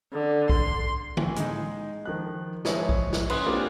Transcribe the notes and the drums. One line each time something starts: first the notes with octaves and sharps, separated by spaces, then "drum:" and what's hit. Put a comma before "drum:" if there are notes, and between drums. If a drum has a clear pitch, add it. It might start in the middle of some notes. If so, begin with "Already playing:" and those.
D3
C6, drum: kick
A2 E3, drum: tom D3
G#3 D#4, drum: hi-hat
D#3 F3 F#6
F3 G#3 E4 B4 C#5 D#5, drum: snare
drum: kick
drum: snare
C#4 B4 C6 D#6 F#6, drum: cymbal
A#3 C4 D4 F4 G4 G#4